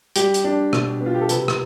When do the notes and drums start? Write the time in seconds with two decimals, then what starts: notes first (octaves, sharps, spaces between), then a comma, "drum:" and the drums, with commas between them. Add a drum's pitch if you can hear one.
0.16 G3 G4, drum: hi-hat
0.34 drum: hi-hat
0.44 D4
0.73 B2, drum: rim click
1.01 B3
1.06 F4
1.14 G4
1.21 A4
1.29 C3 B4, drum: hi-hat
1.48 drum: rim click